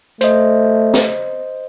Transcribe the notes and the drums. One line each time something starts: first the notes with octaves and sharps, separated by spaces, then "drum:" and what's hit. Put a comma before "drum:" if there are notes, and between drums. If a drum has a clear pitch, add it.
A3 C5 D#5, drum: hi-hat
drum: snare